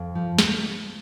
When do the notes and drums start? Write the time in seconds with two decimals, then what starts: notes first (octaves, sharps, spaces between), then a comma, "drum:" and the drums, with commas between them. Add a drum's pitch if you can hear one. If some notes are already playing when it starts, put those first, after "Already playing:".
Already playing: F2
0.15 F3
0.39 drum: snare